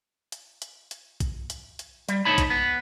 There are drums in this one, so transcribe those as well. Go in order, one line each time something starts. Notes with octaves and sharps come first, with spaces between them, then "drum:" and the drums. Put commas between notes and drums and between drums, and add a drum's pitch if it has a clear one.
drum: hi-hat
drum: hi-hat
drum: hi-hat
drum: kick A#1, hi-hat
drum: hi-hat
drum: hi-hat
G3, drum: hi-hat
G#2 D3 D#4 C#5 A5 B5
drum: kick A#1, hi-hat
B3